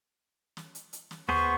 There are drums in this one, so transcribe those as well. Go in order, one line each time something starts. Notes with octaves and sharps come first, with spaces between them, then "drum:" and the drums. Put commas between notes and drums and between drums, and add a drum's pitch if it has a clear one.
drum: snare
drum: hi-hat
drum: hi-hat
drum: snare
B3 G#4 C5 C#6, drum: tom D#2